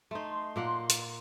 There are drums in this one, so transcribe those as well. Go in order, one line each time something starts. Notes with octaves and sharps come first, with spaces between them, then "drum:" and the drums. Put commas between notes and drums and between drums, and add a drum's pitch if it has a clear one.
A3 D#4 C6
A#2 A#3 F#5
drum: hi-hat